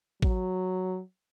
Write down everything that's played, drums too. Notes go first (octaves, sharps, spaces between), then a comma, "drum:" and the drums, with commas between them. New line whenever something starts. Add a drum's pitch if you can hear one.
F#3, drum: kick